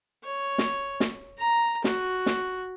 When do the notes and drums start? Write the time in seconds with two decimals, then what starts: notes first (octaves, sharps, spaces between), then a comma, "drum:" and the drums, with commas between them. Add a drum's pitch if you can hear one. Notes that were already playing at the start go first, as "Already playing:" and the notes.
0.24 C#5
0.58 drum: snare
1.00 drum: snare
1.38 A#5
1.84 F#4, drum: snare
2.26 drum: snare